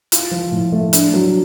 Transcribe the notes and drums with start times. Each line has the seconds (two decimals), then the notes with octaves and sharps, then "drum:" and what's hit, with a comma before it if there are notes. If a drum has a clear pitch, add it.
0.12 F4, drum: hi-hat
0.31 F3
0.52 A2
0.72 A3
0.93 D4, drum: hi-hat
1.14 F#3